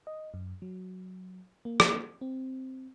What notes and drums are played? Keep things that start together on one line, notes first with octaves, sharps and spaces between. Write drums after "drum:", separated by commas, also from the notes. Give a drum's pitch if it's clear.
D#5
F#2
F#3
A#3
drum: rim click
C4